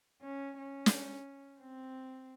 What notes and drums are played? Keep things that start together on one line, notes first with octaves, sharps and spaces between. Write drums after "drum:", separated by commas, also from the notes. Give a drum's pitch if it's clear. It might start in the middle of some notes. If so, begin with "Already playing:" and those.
C#4
C#4
drum: snare
C4